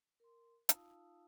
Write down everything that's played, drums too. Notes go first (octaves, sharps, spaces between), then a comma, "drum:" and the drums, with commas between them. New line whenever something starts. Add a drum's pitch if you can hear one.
A#4 C6
D#4 F4 F5 A5 D#6 E6, drum: hi-hat